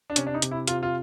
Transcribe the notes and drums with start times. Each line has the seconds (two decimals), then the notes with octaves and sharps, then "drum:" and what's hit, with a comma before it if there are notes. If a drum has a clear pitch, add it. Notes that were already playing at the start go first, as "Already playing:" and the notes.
0.10 D4
0.16 C3 C#4, drum: hi-hat
0.27 D4
0.34 D#4
0.42 C3, drum: hi-hat
0.51 E4
0.68 C3 F4, drum: hi-hat
0.83 F4